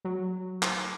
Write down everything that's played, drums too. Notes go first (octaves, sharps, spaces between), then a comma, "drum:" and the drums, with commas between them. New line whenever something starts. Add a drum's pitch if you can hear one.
F#3
drum: clap